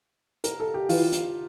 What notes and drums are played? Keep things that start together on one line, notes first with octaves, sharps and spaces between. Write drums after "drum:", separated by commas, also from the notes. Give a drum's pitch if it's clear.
A#4, drum: hi-hat
A4
G4
E3 F4, drum: open hi-hat
drum: hi-hat